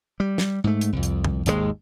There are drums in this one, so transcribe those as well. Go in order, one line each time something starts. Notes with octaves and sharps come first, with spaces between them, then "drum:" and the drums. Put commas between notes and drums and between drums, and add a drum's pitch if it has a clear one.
G3
drum: snare
G#2 A3
drum: hi-hat
C2 F2
drum: hi-hat
drum: tom F2
G#1 D#2 B2 G#3, drum: hi-hat